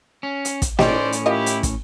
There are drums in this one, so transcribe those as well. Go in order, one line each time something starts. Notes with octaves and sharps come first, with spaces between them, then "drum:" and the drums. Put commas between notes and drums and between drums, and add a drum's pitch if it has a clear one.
C#4
drum: hi-hat
drum: kick, hi-hat
A2 C#4 D#4 G4 C5 D5, drum: snare
drum: hi-hat
E4 F4 G4 A#4 D#5
drum: hi-hat
drum: kick, hi-hat